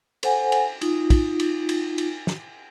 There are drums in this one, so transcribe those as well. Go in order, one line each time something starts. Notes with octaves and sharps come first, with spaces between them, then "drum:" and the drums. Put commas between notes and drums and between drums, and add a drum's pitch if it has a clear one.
A4 C5 F#5 G#5, drum: cymbal
drum: cymbal
D#4 F4, drum: cymbal
drum: kick, cymbal
drum: cymbal
drum: cymbal
drum: cymbal
drum: snare